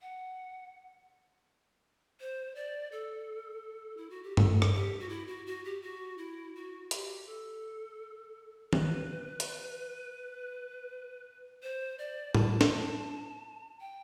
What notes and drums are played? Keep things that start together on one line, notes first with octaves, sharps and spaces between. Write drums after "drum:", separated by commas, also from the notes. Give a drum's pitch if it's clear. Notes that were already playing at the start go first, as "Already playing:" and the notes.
F#5
C5
D5
A4
E4
F#4
G4
A4, drum: tom G2
drum: rim click
G4
F#4
E4
F#4
F#4
G4
F#4
E4
F#4
G4, drum: hi-hat
A4
B4, drum: tom D#3
drum: hi-hat
C5
D5
A5, drum: tom A2
drum: snare
G5